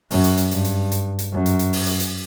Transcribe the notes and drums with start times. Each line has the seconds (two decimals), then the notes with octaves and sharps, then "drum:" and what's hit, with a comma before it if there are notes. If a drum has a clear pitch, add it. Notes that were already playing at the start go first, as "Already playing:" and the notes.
0.11 F#2, drum: open hi-hat
0.24 drum: hi-hat
0.37 drum: hi-hat
0.51 G2, drum: hi-hat
0.64 drum: hi-hat
0.92 drum: hi-hat
1.19 drum: hi-hat
1.32 F#2
1.46 drum: hi-hat
1.59 drum: hi-hat
1.73 drum: open hi-hat
1.86 drum: hi-hat
2.00 drum: hi-hat